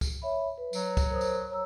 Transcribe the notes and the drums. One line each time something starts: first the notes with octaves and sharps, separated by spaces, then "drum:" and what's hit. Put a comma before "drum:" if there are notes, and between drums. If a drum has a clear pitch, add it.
drum: kick C#2, tambourine
C#5 E5 B5
B4
F#3, drum: tambourine
drum: kick C#2, tambourine
A#4 C5 D#6
drum: tambourine
C#5 A#5 E6